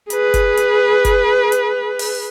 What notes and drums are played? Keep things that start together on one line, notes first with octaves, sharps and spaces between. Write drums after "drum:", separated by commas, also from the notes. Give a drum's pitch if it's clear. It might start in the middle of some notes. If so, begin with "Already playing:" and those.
G#4 B4, drum: hi-hat
drum: kick F#1, hi-hat
drum: hi-hat
drum: kick F#1, hi-hat
drum: hi-hat
drum: open hi-hat